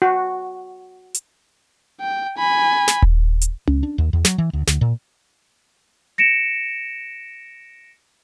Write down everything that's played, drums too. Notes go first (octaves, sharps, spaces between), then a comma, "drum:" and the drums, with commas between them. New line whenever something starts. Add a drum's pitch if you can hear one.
F#4
drum: hi-hat
G5
G#5 B5
drum: snare
drum: kick D#1
drum: hi-hat
C#2, drum: tom C#4
D4
D#2
E2
F#3, drum: snare
E3
D2
D2, drum: snare
A#2
A#6 C#7 D7 E7